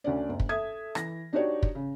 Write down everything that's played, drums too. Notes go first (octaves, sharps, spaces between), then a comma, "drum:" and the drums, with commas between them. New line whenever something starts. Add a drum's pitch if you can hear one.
D2 C#4 D4 D5
F#1
drum: kick
A4 E5 D#6 G#6
E3 A#6, drum: rim click
D4 D#4 F#4 G4 C#5 D5
drum: kick
C#3